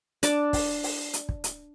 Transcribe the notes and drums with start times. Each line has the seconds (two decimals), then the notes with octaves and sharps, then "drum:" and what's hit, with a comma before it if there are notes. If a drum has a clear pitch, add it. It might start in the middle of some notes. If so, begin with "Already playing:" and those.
0.23 D4 D5, drum: hi-hat
0.53 drum: kick, open hi-hat
0.83 drum: open hi-hat
1.14 drum: hi-hat
1.29 drum: kick
1.44 drum: hi-hat